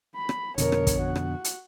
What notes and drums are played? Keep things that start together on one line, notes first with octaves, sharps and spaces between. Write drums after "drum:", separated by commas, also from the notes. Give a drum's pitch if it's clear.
B5
drum: rim click
F2 B2 D3 A#4 C#5, drum: hi-hat
drum: rim click
drum: kick, hi-hat
F#4
drum: rim click
drum: hi-hat